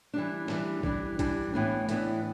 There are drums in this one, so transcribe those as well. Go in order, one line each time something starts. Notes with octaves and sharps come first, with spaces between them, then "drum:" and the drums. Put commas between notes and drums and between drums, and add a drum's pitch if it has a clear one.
E3 G3 D4
E3 G3 D4, drum: snare
E3 G3 D4, drum: kick A#1
E3 G3 D4, drum: kick A#1, hi-hat
A2 E3 B3 D4
A2 E3 B3 D4, drum: hi-hat